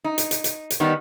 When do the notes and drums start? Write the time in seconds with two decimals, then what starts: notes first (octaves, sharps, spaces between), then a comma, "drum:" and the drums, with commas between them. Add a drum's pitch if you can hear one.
0.04 D#4
0.18 drum: hi-hat
0.31 drum: hi-hat
0.44 drum: hi-hat
0.70 drum: hi-hat
0.80 D#3 G3 B3 D#4